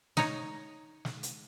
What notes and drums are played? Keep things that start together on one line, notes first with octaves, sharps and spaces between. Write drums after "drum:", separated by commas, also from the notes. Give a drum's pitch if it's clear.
D#4 C#5, drum: snare
drum: snare
drum: hi-hat